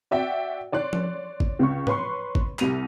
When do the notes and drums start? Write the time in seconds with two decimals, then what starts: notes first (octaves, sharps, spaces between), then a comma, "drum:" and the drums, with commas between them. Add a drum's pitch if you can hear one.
0.11 F#4 D5 E5 F#5 G5
0.72 C#5 D5 C6 F#6
0.93 drum: tom F3
1.40 drum: kick
1.59 C#2 C#3 C#6
1.87 B4 C#5 C6 C#6, drum: tom G#2
2.35 drum: kick
2.59 C2 G3 D#7 F7, drum: clap